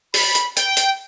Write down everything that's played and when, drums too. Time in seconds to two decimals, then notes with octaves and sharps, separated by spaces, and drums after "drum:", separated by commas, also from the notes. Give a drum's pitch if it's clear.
0.14 B5, drum: open hi-hat
0.35 drum: hi-hat
0.57 G5, drum: hi-hat
0.77 drum: hi-hat